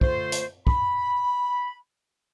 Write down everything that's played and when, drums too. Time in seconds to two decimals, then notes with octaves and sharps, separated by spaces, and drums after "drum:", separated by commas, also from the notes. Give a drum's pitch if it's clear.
0.01 D3 A3 F4 C5, drum: kick
0.32 drum: hi-hat
0.67 B5, drum: kick